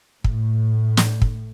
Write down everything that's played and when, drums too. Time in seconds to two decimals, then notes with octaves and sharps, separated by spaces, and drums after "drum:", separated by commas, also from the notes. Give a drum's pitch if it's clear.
0.24 A2, drum: kick
0.97 drum: snare
1.22 drum: kick